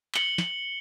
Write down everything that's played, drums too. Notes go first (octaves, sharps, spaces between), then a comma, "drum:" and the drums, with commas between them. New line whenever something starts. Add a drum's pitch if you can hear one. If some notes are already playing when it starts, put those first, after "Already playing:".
C#7 F#7 G7, drum: clap
drum: snare